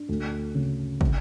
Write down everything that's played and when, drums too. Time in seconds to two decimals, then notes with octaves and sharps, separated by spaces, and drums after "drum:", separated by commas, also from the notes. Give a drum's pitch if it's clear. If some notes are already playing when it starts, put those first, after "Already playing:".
Already playing: D4
0.09 D2
0.55 C#3
1.01 C#3, drum: kick